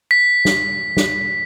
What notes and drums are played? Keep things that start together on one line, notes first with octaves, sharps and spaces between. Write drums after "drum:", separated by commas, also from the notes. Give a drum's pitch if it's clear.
B6
drum: snare
drum: snare